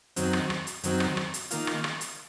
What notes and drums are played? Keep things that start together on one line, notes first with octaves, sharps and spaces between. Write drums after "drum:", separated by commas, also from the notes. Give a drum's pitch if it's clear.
F#2 D#3 F#3 C4, drum: hi-hat
drum: rim click
drum: rim click
drum: hi-hat
F#2 D#3 F#3 C4, drum: hi-hat
drum: rim click
drum: rim click
drum: hi-hat
D#3 A#3 F4, drum: hi-hat
drum: rim click
drum: rim click
drum: hi-hat